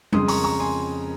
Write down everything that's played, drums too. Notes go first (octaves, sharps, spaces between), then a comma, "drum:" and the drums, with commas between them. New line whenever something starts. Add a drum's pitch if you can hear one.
F2 C#3 G#3 C6 D#6, drum: tom G3
A#5 C#6, drum: open hi-hat
A#5 C#6
G#5 C6